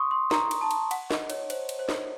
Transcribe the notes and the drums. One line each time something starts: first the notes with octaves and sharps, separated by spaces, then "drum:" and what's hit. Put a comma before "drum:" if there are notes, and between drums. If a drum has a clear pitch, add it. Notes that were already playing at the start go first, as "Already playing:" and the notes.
Already playing: C6 C#6 D#6
C6
A#5, drum: snare
drum: cymbal
A5
drum: cymbal
F#5, drum: cymbal
D#5, drum: snare
C#5, drum: cymbal
C5, drum: cymbal
drum: cymbal
C5
drum: snare